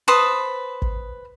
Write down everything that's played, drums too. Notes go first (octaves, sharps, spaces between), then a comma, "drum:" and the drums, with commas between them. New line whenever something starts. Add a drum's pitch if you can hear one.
B4 C5 A5 D#6
drum: kick